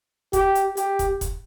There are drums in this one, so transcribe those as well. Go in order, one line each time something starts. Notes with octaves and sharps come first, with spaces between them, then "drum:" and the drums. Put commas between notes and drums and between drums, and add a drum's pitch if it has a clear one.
G4, drum: kick, hi-hat
drum: hi-hat
G4, drum: hi-hat
drum: kick, hi-hat
drum: kick, hi-hat